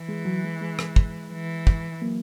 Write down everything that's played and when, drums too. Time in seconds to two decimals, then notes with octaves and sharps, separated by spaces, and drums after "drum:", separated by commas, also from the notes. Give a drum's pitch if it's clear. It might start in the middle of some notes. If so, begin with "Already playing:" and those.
Already playing: E3
0.09 G#3
0.25 F#3
0.44 G#3
0.61 G#3
0.79 drum: rim click
0.96 drum: kick
1.32 E3
1.67 drum: kick
2.02 F#3 A#3